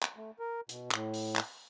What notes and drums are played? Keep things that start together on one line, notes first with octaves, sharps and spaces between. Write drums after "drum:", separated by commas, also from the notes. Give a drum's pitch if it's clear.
drum: clap
A3
A#4
B2, drum: hi-hat
A2, drum: clap
drum: open hi-hat
drum: clap